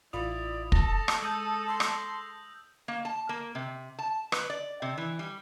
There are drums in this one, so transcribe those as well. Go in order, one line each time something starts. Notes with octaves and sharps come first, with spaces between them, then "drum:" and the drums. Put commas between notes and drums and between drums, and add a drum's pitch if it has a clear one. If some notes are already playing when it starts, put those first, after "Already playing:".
A1 E4 F4 D5 B5 D#6
A4 A5 A#6, drum: kick
drum: rim click
G#3 D#6 E6 G6
C6
drum: rim click
A#3
A5
A#3
C3
A5
B4, drum: rim click
D5
C3
E3
G3